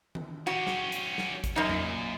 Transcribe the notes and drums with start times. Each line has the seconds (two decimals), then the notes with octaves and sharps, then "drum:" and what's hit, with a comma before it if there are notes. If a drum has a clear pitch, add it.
0.15 drum: tom D#3
0.47 C#4 F#4 G4
0.67 drum: snare
0.92 drum: hi-hat
1.18 drum: snare
1.44 drum: kick G#1, hi-hat
1.56 F#2 D#4 G4 C#5
1.69 A#2, drum: tom E2